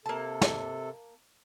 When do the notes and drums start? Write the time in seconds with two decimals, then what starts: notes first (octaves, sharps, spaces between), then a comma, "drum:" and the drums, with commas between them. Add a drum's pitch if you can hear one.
0.06 C3 A#3 A4 A5
0.42 drum: snare